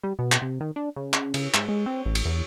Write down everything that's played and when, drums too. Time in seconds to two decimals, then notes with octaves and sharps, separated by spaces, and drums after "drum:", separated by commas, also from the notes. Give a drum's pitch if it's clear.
0.03 G3
0.19 B2
0.32 drum: clap
0.42 C3
0.60 D#3
0.76 D4
0.96 C#3
1.13 drum: clap
1.34 C#3, drum: cymbal
1.54 G#2, drum: clap
1.68 G#3
1.86 C4
2.06 A1
2.15 drum: cymbal
2.25 E2